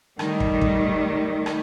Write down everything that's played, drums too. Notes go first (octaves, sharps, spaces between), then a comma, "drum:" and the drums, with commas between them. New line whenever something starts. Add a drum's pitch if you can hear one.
D#3 G3 A3, drum: rim click
drum: kick
drum: kick
drum: rim click